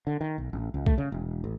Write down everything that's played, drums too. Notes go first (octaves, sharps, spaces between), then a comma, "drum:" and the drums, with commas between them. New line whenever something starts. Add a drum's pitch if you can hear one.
D3
D#3
B1
A1
C#2
A3, drum: kick
C#3
E1
A1